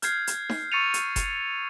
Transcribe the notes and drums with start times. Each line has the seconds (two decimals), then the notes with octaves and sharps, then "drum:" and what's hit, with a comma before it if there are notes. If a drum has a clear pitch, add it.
0.02 F6 G6 G#6 C7, drum: hi-hat
0.27 drum: hi-hat
0.49 drum: snare D#4
0.72 C#6 E6 A6 C#7 D#7 F7
0.94 drum: hi-hat
1.16 drum: kick F#1, hi-hat